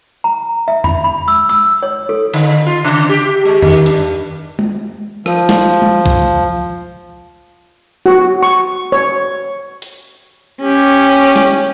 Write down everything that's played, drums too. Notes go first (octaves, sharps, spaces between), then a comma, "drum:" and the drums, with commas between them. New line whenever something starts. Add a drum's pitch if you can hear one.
A#5
E5
B5, drum: tom E2
B5
E6
E6, drum: tambourine
C#5
A4
D3, drum: cymbal
F4
C#3
G4
G#3
D#3, drum: tom E2
G2, drum: hi-hat
drum: tom G#3
F3, drum: rim click
drum: snare
drum: tom G#3
drum: kick
F#4
C#6
C#5
drum: hi-hat
C#4 G4
drum: snare